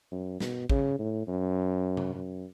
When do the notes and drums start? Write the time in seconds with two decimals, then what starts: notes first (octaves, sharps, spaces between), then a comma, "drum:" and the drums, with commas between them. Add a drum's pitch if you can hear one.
0.11 F#2
0.40 B2, drum: snare
0.70 C#3, drum: kick
0.99 A2
1.27 F#2
1.97 drum: tom C3
2.15 F#2